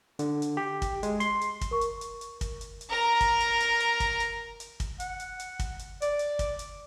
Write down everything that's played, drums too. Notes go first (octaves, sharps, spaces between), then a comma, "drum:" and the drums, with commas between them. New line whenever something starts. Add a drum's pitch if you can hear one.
D3, drum: hi-hat
drum: hi-hat
G4
drum: kick, hi-hat
G#3, drum: hi-hat
C6, drum: hi-hat
drum: hi-hat
drum: kick, hi-hat
A#4 C#6
drum: hi-hat
drum: hi-hat
drum: hi-hat
drum: kick, hi-hat
drum: hi-hat
drum: hi-hat
A#4 A#5
drum: kick, hi-hat
drum: hi-hat
drum: hi-hat
drum: hi-hat
drum: kick, hi-hat
drum: hi-hat
drum: hi-hat
drum: kick, hi-hat
F#5, drum: hi-hat
drum: hi-hat
drum: hi-hat
drum: kick, hi-hat
drum: hi-hat
D5, drum: hi-hat
drum: hi-hat
drum: kick, hi-hat
drum: hi-hat